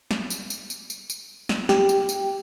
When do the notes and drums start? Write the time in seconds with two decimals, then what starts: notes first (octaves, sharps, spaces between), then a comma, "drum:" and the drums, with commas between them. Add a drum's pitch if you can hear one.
0.11 drum: snare
0.30 drum: tambourine
0.50 drum: tambourine
0.70 drum: tambourine
0.90 drum: tambourine
1.10 drum: tambourine
1.49 drum: snare
1.69 G4, drum: snare
1.89 drum: tambourine
2.09 drum: tambourine